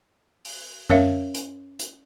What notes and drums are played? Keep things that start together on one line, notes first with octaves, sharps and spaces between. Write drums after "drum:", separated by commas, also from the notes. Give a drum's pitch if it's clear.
drum: open hi-hat
C#4 A#4 C#5 E5 F5, drum: tom F#2
drum: hi-hat
drum: hi-hat